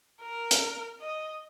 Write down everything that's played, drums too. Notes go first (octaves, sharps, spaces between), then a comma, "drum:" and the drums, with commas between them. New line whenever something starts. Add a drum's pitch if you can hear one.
A#4
drum: hi-hat
D#5